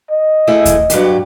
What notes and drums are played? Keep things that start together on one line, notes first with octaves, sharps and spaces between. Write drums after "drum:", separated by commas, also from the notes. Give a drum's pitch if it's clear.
D#5
A3 E4 G#4
drum: kick D#2, hi-hat
G2 F#3 G4, drum: hi-hat